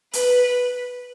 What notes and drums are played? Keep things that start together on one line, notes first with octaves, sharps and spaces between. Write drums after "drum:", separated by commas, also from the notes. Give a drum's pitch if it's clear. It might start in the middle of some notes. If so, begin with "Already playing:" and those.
B4, drum: hi-hat